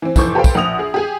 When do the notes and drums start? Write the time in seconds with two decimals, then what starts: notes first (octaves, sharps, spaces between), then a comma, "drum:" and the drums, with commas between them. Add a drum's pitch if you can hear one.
0.02 E3 C4
0.16 F1 E3 C5 C#6 D6 G6, drum: kick, tambourine
0.35 G4 A4 B4 C5 F5 G5
0.44 drum: kick, tambourine
0.55 A#1 F#5 D#6 F7
0.79 G#4
0.94 G4 G#4 G#5